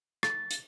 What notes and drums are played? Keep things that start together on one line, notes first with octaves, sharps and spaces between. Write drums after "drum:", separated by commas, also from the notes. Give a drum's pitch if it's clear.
A6, drum: rim click
drum: hi-hat